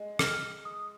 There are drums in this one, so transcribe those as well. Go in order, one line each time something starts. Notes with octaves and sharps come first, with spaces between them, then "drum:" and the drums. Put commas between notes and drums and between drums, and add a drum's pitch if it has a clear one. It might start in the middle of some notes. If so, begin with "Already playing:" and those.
Already playing: G#3
F6, drum: rim click
D#6